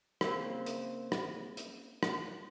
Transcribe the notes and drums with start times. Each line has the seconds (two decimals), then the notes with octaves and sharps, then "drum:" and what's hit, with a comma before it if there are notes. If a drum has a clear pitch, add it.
0.21 C#3 A#3 C4, drum: rim click
0.66 drum: hi-hat
1.12 drum: rim click
1.57 drum: hi-hat
2.03 drum: rim click